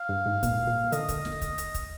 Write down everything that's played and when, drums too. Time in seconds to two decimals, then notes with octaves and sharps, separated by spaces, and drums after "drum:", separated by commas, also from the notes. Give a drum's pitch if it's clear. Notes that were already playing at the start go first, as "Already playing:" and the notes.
Already playing: F5
0.09 G2
0.26 G#2
0.43 A#2, drum: kick, hi-hat
0.67 A#2
0.92 D3 D#5, drum: hi-hat
1.08 drum: kick, hi-hat
1.25 drum: snare
1.41 drum: kick, hi-hat
1.58 drum: hi-hat
1.74 drum: kick, hi-hat